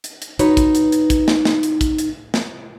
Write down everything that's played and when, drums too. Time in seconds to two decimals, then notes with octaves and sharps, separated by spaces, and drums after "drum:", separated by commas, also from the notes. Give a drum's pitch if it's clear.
0.04 drum: hi-hat
0.22 drum: hi-hat
0.39 D#4 F#4 B4 C#5, drum: hi-hat
0.57 drum: kick, hi-hat
0.75 drum: hi-hat
0.92 drum: hi-hat
1.10 drum: kick, hi-hat
1.28 drum: snare
1.45 drum: snare
1.63 drum: hi-hat
1.81 drum: kick, hi-hat
1.98 drum: hi-hat
2.34 drum: snare